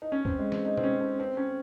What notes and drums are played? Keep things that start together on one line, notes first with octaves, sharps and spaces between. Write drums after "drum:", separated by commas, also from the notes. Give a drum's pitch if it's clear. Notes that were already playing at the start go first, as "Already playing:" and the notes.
D#4
C#4
C4, drum: kick C#2
G#3
C4, drum: snare
D#4
C4, drum: tom B2
C#4
C4
C4
C#4